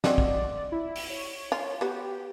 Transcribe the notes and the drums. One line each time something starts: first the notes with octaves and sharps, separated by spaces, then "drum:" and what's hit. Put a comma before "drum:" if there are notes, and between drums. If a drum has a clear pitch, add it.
C4 F#4 D5 D#5, drum: snare
drum: kick
E4
drum: open hi-hat
C#5
F4
B3 F#4 G4